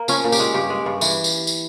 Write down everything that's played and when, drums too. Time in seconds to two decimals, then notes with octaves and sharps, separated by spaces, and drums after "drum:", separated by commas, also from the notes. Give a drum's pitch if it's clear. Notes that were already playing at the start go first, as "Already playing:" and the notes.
Already playing: A#3
0.08 F3 C#4, drum: tambourine
0.24 A#2
0.32 G4, drum: tambourine
0.39 G#3
0.54 G2 G4
0.70 G#3
0.86 G2
1.01 E3, drum: tambourine
1.24 drum: tambourine
1.47 drum: tambourine